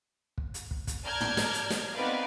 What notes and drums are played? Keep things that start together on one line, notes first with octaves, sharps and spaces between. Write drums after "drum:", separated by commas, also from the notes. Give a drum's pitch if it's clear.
drum: kick
drum: hi-hat
drum: kick
drum: kick, hi-hat
D5 A5 A#5 F6 G6 G#6
drum: tom
drum: snare
drum: hi-hat
drum: snare
B3 C4 D#4 B4 D5 F5